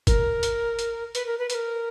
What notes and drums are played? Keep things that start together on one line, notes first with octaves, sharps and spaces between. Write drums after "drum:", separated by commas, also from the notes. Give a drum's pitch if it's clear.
A#4, drum: kick, hi-hat
drum: hi-hat
drum: hi-hat
B4, drum: hi-hat
A#4
B4
B4, drum: hi-hat
A#4